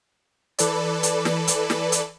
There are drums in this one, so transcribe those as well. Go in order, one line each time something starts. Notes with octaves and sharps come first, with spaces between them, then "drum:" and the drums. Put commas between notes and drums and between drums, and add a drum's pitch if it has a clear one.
E3 A4 B4 D5, drum: hi-hat
drum: hi-hat
drum: snare
drum: hi-hat
drum: snare
drum: hi-hat